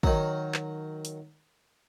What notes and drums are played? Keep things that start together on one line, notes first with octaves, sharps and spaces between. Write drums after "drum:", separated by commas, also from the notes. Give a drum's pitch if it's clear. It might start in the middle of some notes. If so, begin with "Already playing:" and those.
D#3 F#3, drum: kick
drum: clap
drum: hi-hat